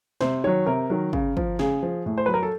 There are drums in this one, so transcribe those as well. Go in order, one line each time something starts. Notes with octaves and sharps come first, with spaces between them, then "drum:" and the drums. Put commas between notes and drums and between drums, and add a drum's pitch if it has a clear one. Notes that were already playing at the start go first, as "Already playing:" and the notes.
C3 C5, drum: snare
D#3 F#3 C#5
C3 A#4
D#3 F#3
C#3, drum: kick
F3, drum: kick
C#3 G#4, drum: snare
F3
A2
C5
F#3 B4
A#4
A4